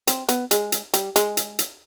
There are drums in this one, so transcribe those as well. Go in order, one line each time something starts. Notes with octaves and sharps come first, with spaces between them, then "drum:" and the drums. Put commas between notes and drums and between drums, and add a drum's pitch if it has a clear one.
C4, drum: hi-hat
B3, drum: hi-hat
G#3, drum: hi-hat
drum: hi-hat
G3, drum: hi-hat
G#3, drum: hi-hat
drum: hi-hat
drum: hi-hat